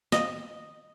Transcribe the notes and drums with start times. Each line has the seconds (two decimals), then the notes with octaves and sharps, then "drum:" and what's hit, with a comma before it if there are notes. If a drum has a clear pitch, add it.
0.12 D#5, drum: snare